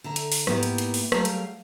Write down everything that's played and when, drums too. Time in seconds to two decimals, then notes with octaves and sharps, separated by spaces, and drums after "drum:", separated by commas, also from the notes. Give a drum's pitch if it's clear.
0.04 D3 E5 A#5
0.16 drum: hi-hat
0.32 drum: open hi-hat
0.47 G#2 A#3 B3 E4 G4, drum: rim click
0.63 drum: hi-hat
0.78 drum: hi-hat
0.94 drum: open hi-hat
1.12 F#3 G3 A3 G#4 A#4 F5, drum: rim click
1.25 drum: hi-hat